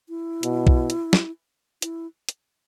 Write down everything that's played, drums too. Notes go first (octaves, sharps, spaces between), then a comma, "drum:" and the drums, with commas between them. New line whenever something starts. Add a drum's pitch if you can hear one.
E4
B2, drum: hi-hat
drum: kick
drum: hi-hat
drum: snare
E4, drum: hi-hat
drum: hi-hat